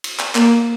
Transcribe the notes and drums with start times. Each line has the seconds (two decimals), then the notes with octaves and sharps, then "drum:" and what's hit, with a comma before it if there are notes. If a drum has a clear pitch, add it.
0.04 drum: cymbal
0.19 drum: clap
0.35 A#3, drum: clap